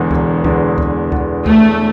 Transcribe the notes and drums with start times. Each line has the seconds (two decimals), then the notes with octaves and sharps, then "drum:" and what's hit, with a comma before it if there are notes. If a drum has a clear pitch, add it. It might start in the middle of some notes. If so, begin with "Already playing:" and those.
Already playing: E1 E2 D3 G#3 B3
0.11 E1, drum: kick C#2
0.44 E2 D3 G#3 B3, drum: kick C#2
0.78 E1, drum: kick C#2
1.12 E2 D3 G#3 B3, drum: kick C#2
1.46 E1 A3, drum: kick C#2